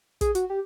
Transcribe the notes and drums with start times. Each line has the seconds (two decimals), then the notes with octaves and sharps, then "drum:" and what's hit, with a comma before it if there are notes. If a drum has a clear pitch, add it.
0.21 G#4, drum: kick, hi-hat
0.35 F#4, drum: hi-hat
0.50 G4